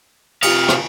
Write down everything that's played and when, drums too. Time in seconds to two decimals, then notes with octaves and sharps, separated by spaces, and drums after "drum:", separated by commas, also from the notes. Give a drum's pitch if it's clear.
0.42 C3 F4 G4 F5 D#6, drum: cymbal
0.69 drum: rim click